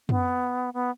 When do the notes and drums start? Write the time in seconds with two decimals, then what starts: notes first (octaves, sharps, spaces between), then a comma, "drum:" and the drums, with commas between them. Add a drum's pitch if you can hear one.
0.09 B3, drum: tom
0.74 B3